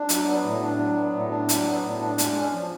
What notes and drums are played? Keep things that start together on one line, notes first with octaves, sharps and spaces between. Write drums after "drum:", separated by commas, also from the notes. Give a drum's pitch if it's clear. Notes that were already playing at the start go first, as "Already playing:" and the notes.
Already playing: D4
F#3, drum: hi-hat
B3
A2
D4
F#3
B3
A2
D4
F#3, drum: hi-hat
B3
A2
D4
G#3, drum: hi-hat
C#4
F3